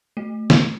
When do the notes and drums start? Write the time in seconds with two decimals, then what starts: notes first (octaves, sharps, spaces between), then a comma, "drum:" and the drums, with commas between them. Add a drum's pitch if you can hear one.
0.17 A3
0.50 drum: snare